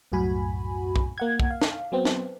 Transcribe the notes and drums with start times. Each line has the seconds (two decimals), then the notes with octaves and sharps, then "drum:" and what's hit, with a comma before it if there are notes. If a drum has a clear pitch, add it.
0.12 C2 F#2 A2 F#4 G#5 B5
0.96 drum: kick
1.18 A#3 F#5 G#6
1.40 drum: kick
1.51 F5
1.61 drum: snare
1.92 F#3 B3 C4
2.05 drum: snare